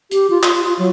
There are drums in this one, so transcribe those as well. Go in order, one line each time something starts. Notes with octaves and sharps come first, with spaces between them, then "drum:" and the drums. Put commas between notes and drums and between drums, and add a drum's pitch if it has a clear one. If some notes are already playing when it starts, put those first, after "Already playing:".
G4, drum: hi-hat
F4
F4, drum: clap
F4
F#3